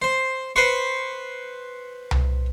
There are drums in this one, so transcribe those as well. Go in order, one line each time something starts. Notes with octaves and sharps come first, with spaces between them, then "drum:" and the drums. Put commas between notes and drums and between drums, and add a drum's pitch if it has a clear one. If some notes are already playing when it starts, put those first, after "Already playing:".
C5
B4 C5 C#6
drum: tom C2